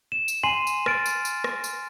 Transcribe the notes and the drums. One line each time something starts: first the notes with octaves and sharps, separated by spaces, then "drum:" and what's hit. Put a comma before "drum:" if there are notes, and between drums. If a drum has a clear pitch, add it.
E7
drum: tambourine
G#5 C6 C7 D#7 F#7
drum: tambourine
F6 A6 D7, drum: rim click
drum: tambourine
drum: tambourine
drum: rim click
drum: tambourine